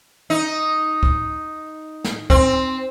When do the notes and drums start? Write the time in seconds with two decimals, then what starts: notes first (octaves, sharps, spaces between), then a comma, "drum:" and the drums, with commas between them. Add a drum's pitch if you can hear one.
0.30 D#4
1.03 drum: kick
2.04 drum: snare
2.30 C4, drum: kick